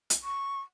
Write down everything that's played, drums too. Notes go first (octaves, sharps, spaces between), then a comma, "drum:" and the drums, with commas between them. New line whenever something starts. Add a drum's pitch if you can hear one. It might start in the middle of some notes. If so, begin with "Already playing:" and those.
drum: hi-hat
C#6